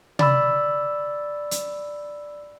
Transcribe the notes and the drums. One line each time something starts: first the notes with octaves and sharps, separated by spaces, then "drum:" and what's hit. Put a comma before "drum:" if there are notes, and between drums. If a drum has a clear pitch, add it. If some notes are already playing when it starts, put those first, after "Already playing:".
D5 B5 E6, drum: tom C3
drum: hi-hat